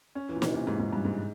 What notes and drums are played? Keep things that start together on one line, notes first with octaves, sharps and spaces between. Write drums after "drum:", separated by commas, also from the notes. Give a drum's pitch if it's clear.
C#4
E3
A#2
C3, drum: snare
A#2
G#2
G#2
G2
G#2